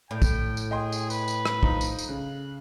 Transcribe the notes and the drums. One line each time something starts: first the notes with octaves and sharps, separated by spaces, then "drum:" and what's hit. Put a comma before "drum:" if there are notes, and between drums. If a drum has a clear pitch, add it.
A2 G5
drum: kick, tambourine
drum: tambourine
G#4 D#5 G5 C6
drum: tambourine
B4, drum: tambourine
drum: tambourine
drum: rim click
F3 D#4, drum: kick
drum: tambourine
drum: tambourine
C#3 F#6